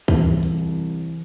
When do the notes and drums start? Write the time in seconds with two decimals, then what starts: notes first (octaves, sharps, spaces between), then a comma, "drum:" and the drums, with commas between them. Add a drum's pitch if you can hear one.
0.08 C2 E3, drum: kick
0.43 drum: hi-hat